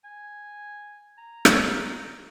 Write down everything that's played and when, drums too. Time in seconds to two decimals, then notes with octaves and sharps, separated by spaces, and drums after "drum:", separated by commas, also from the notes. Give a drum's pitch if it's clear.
0.04 G#5
1.18 A#5
1.45 drum: rim click